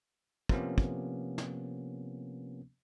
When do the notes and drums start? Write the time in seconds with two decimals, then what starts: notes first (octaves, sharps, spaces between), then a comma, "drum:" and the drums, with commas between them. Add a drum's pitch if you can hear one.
0.49 C3 F3 A#3 B3 C#4, drum: kick
0.78 drum: kick
1.38 drum: snare